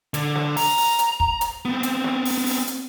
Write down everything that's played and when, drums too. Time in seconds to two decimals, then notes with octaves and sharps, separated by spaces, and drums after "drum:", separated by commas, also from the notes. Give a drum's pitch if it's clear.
0.14 D3, drum: hi-hat
0.36 drum: snare
0.57 A#5, drum: open hi-hat
0.78 drum: open hi-hat
0.99 drum: hi-hat
1.20 drum: kick
1.41 drum: hi-hat
1.65 B3 C4
1.83 drum: hi-hat
2.04 drum: snare
2.25 drum: open hi-hat
2.46 drum: open hi-hat
2.67 drum: hi-hat